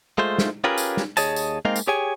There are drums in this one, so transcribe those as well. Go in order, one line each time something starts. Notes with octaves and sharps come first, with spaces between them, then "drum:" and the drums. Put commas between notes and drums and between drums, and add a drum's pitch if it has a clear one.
G#3 A3 F4 C5
drum: snare
C#4 F4 G4 G#4 A#4 B4
drum: tambourine
drum: snare
D#2 G#4 C#5 D#5 A5, drum: tambourine
drum: tambourine
G#3 A#3 C4 D#4 F5
drum: tambourine
G4 G#4 C#5 G5 G#5